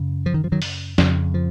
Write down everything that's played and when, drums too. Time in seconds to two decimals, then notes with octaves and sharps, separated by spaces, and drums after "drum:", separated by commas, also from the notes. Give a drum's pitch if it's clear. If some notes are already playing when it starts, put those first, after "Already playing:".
Already playing: F#2 C#3
0.26 F3
0.34 D#3
0.44 F3
0.52 D#3 F#3
0.62 drum: open hi-hat
0.98 F2 C#3, drum: snare
1.34 F3